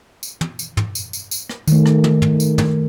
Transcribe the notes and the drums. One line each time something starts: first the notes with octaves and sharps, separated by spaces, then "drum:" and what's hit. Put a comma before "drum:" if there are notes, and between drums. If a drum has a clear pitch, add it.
drum: tambourine
drum: tom
drum: tambourine
drum: tom
drum: tambourine
drum: tambourine
drum: tambourine
drum: rim click
D#3 A3, drum: tambourine
drum: rim click
drum: tom
drum: tom
drum: tambourine
drum: tom